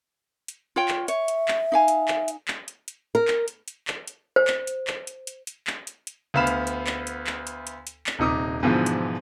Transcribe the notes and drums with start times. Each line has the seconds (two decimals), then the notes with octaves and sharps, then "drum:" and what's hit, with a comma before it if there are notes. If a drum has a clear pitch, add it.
0.48 drum: hi-hat
0.76 F4 C#5 G5
0.88 drum: clap
1.08 C#5 E5, drum: hi-hat
1.28 drum: hi-hat
1.48 drum: clap
1.72 D#4 F5 G#5
1.88 drum: hi-hat
2.08 drum: clap
2.28 drum: hi-hat
2.48 drum: clap
2.68 drum: hi-hat
2.88 drum: hi-hat
3.15 A#4
3.28 drum: clap
3.48 drum: hi-hat
3.68 drum: hi-hat
3.88 drum: clap
4.08 drum: hi-hat
4.36 C5
4.47 drum: clap
4.67 drum: hi-hat
4.87 drum: clap
5.07 drum: hi-hat
5.27 drum: hi-hat
5.47 drum: hi-hat
5.67 drum: clap
5.87 drum: hi-hat
6.07 drum: hi-hat
6.34 D2 B3 F5 B5 E7
6.47 drum: hi-hat
6.67 drum: hi-hat
6.87 drum: clap
7.07 drum: hi-hat
7.27 drum: clap
7.47 drum: hi-hat
7.67 drum: hi-hat
7.87 drum: hi-hat
8.07 drum: clap
8.19 D#1 C3 D#4 D6 D#6
8.63 G#2 B2 D3 E3 F3
8.86 drum: hi-hat